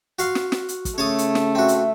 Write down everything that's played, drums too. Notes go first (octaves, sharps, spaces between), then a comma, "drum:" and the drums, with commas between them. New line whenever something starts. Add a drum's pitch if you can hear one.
F#4 F5 C6, drum: hi-hat
drum: snare
drum: snare
drum: hi-hat
drum: kick, hi-hat
C#3 A3 C#5 A5 D#6
drum: hi-hat
drum: snare
C4 F#4 E5
drum: hi-hat